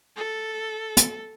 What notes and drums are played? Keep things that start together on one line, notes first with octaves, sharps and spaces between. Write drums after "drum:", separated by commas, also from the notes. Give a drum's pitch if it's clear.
A4
drum: hi-hat